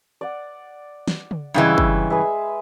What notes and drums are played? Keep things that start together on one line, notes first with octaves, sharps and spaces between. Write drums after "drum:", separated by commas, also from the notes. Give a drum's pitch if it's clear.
D5 F#5
drum: snare
drum: tom
G2 C#3 E3 G#3 E5 F#5
drum: kick
G#4 B4 E5